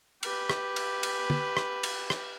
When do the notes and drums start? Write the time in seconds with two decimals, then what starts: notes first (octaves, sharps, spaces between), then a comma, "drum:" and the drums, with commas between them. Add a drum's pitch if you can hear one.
0.23 G4 B4, drum: cymbal
0.50 drum: rim click
0.76 drum: cymbal
1.03 drum: cymbal
1.30 drum: tom
1.57 drum: rim click
1.83 drum: cymbal
2.10 drum: rim click